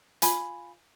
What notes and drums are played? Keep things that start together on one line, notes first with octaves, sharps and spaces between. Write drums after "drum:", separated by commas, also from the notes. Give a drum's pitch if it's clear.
F4 G#5 B5, drum: hi-hat